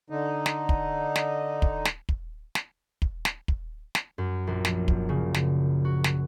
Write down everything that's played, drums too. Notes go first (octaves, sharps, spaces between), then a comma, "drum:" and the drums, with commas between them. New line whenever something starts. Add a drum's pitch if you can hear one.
D3 D#4
drum: snare
drum: kick
drum: snare
drum: kick
drum: snare
drum: kick
drum: snare
drum: kick
drum: snare
drum: kick
drum: snare
F#2
A#1
drum: snare
drum: kick
C#3
drum: snare
F#4
drum: snare